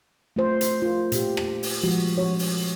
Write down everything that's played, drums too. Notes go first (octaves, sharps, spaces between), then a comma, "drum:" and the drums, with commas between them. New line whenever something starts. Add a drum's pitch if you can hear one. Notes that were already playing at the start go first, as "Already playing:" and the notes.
A3 F4 C5
drum: hi-hat
F4 A#4
A#2 G4, drum: hi-hat
drum: rim click
drum: open hi-hat
F3 G#3 F#4
F3 F#4 C#5
drum: open hi-hat